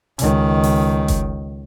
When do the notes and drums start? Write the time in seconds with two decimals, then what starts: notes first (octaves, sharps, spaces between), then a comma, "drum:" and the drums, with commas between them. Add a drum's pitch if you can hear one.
0.19 C#2 D#3, drum: hi-hat
0.63 drum: open hi-hat
1.08 drum: kick F#1, hi-hat